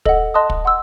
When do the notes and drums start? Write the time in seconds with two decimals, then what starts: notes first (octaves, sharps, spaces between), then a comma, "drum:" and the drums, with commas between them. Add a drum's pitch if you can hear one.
0.05 A4 D#5 F#5, drum: kick
0.34 D#5 A5 C6 D#6 F#6
0.50 drum: kick
0.65 F#5 C6 E6